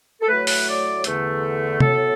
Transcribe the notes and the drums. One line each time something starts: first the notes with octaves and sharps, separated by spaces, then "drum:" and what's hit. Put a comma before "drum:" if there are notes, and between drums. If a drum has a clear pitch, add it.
A4
A2 F#3 A3 B4
B4, drum: open hi-hat
D5
E2 D3 A3, drum: hi-hat
A2 F#3 B3 A4, drum: tom C3